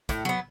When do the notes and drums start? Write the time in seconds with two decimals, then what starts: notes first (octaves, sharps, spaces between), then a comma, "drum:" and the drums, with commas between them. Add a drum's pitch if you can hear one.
0.09 A2, drum: kick, hi-hat
0.25 F#3 B3